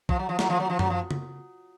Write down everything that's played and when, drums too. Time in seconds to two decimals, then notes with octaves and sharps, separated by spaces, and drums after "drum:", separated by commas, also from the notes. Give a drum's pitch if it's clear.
0.09 F3, drum: kick
0.19 F#3
0.29 F3
0.39 F#3, drum: snare
0.50 F3
0.60 F#3
0.70 F3
0.79 F#3, drum: tom F#2
0.90 F3
1.11 drum: tom C#3